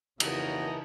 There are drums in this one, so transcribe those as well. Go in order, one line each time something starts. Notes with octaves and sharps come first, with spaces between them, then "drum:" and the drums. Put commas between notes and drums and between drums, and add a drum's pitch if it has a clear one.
F2 C#3 E3 A#3 D#4 F#4 D#5 A#5, drum: cymbal